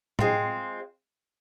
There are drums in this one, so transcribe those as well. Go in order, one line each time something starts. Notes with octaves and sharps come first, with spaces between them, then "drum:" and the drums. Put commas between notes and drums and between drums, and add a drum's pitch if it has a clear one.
G#3 C4 F4, drum: tom